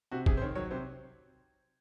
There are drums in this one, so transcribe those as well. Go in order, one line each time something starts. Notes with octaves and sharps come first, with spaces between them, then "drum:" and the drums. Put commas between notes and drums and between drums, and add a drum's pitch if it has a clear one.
C3 F#4
C3 G#4, drum: kick
C5
D#3 C#5
F#3 C#5
C3 C5